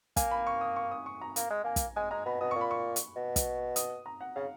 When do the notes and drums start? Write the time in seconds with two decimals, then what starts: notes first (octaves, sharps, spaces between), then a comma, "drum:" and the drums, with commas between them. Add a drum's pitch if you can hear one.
0.17 A#3 G#5, drum: kick, hi-hat
0.31 B5
0.47 C#6
0.61 D#6
0.76 C#6
0.91 D#6
1.06 C#6
1.21 A#5
1.36 A#3 A#5, drum: hi-hat
1.50 G#3
1.64 A#3 G#5
1.76 drum: kick, hi-hat
1.96 G#3 G#5
2.11 G#3 A#5
2.26 B2 B5
2.41 B2 D#6
2.51 A#2 C#6
2.61 B5
2.71 C#6
2.96 drum: hi-hat
3.16 B2
3.36 drum: kick, hi-hat
3.76 D#6, drum: hi-hat
4.06 A#5
4.21 F#5
4.36 C#3 F5